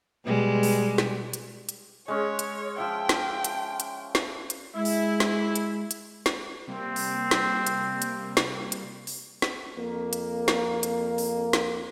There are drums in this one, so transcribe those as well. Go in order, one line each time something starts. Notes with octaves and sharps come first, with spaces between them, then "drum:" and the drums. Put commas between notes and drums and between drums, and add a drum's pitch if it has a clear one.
B2 G3 G#3
drum: open hi-hat
drum: snare
drum: hi-hat
drum: hi-hat
G#3 C#4 C#5
drum: hi-hat
F3 E5 G5
drum: snare
drum: hi-hat
drum: hi-hat
drum: snare
drum: hi-hat
G#3 E4
drum: open hi-hat
drum: snare
drum: hi-hat
drum: hi-hat
drum: snare
C3 G3 A#3 C4
drum: open hi-hat
drum: snare
drum: hi-hat
drum: hi-hat
drum: snare
drum: hi-hat
drum: open hi-hat
drum: snare
F2 A#3
drum: hi-hat
drum: snare
drum: hi-hat
drum: open hi-hat
drum: snare